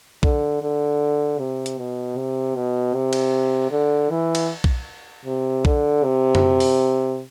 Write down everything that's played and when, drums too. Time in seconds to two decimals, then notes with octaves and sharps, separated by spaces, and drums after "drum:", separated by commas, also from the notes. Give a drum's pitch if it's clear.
0.23 D3, drum: kick B1
0.62 D3
1.39 C3
1.66 drum: hi-hat
1.78 B2
2.17 C3
2.55 B2
2.94 C3
3.13 drum: cymbal
3.71 D3
4.10 E3
4.35 drum: cymbal
4.64 drum: kick B1
5.25 C3
5.65 D3, drum: kick B1
6.04 C3
6.35 drum: tom F#2
6.60 drum: open hi-hat